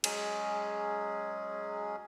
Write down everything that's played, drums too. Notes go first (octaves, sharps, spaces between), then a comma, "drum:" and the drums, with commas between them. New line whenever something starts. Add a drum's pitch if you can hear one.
F#3 G#3 C#4 G#4, drum: cymbal